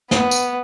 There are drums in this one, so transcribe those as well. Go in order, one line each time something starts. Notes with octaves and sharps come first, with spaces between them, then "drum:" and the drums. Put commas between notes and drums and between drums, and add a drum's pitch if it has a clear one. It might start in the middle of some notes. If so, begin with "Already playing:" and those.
B3, drum: snare
drum: tambourine